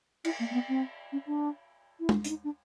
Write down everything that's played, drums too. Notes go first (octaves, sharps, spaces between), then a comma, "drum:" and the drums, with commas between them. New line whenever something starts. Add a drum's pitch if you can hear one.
E4, drum: cymbal
A#3
A#3
B3
C4
C#4
D4
E4
drum: tom
D4, drum: hi-hat
D#4
D4